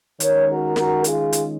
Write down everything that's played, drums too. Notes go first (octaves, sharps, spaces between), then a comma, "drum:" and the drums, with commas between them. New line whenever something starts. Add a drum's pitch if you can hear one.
D#3 G#3 C#4 A#4 C#5, drum: hi-hat
F#4 A#4
F#4 A#4, drum: snare
F4 G#4, drum: hi-hat
drum: hi-hat